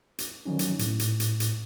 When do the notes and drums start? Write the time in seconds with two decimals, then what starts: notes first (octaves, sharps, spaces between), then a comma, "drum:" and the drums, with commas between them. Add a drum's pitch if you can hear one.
0.18 drum: hi-hat
0.45 D#3 F3 F#3 C#4 D#4
0.59 drum: hi-hat
0.79 A2, drum: hi-hat
0.99 drum: hi-hat
1.20 drum: hi-hat
1.40 drum: hi-hat